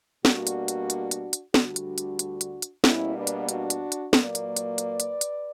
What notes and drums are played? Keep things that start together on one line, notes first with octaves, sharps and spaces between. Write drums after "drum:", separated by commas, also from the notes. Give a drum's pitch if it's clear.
B2 G3 A#3 D4 F#4, drum: snare
drum: hi-hat
drum: hi-hat
drum: hi-hat
drum: hi-hat
drum: hi-hat
D2 D3 G3 D4 F#4, drum: snare
drum: hi-hat
drum: hi-hat
drum: hi-hat
drum: hi-hat
drum: hi-hat
B2 G3 A#3 C#4 E4, drum: snare
B3 D4
drum: hi-hat
D4 F#4, drum: hi-hat
drum: hi-hat
drum: hi-hat
A#2 F#3 A#3 B4 D5, drum: snare
drum: hi-hat
drum: hi-hat
drum: hi-hat
drum: hi-hat
drum: hi-hat